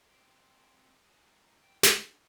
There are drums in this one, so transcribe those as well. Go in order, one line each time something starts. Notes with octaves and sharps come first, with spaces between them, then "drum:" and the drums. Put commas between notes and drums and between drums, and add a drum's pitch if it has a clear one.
C4 G4
G#3 C4
F#4 G#4
D#3 G#3
G5
D3, drum: snare